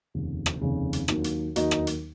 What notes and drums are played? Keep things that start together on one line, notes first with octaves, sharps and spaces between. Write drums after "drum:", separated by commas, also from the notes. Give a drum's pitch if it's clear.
F1 D#2 C#3
drum: rim click
F1 D#2 C#3
drum: hi-hat
D#2 D#3 F#3 A#3, drum: rim click
drum: hi-hat
D#2 D#3 F#3 A#3 D#4 F#4, drum: hi-hat
drum: rim click
drum: hi-hat